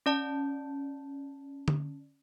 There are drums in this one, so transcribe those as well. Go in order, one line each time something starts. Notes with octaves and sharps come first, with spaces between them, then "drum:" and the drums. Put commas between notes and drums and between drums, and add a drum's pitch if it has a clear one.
C#4 D5 A5
drum: tom D3